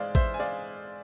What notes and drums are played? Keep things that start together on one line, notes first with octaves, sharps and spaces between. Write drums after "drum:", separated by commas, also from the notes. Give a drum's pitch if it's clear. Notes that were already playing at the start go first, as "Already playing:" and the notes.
Already playing: G#2 E3 G#3 C5 D5 F5
E3 C5 E5, drum: kick A1
G#5
G#3 D5 F5